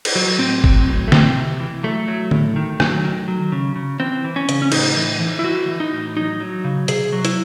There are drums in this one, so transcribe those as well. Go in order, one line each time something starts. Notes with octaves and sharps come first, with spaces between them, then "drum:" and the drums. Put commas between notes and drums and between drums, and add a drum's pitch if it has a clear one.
drum: cymbal
F#3
A2 C4
F#3, drum: kick
A2
A3
C3 C4, drum: snare
C3
E3
F#3 A3
F#3
A2, drum: tom D3
D#3
F#3, drum: rim click
D#3
F#3
C#3
C#3
E3 C4
E3
C#4
C#3, drum: hi-hat
C#4
A2 D#4, drum: cymbal
E3
E3
E4
E3 F#4
E3
D#4
A2
F#3 D#4
F#3
C#3
C3 G#4, drum: hi-hat
F#3
E4, drum: hi-hat